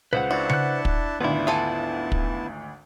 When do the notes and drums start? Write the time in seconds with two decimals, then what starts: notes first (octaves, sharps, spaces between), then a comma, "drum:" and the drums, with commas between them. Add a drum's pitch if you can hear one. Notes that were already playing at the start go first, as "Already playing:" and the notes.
0.13 C#2 B4 C5 F#5
0.31 D4 E4 F#4 A5
0.49 F#6 C#7, drum: tom C#3
0.85 drum: kick
1.21 G#1 D2 B3 D4 E4 F4
1.47 F4 A4 G#5 A5
2.12 drum: kick